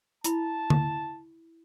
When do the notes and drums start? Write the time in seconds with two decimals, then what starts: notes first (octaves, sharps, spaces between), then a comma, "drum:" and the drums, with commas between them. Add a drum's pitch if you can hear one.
0.24 E4 A5 B5, drum: hi-hat
0.70 drum: tom D3